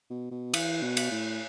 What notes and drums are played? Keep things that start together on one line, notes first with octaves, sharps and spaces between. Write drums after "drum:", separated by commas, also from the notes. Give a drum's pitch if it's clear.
B2
B2
E3, drum: cymbal
B2
drum: cymbal
A2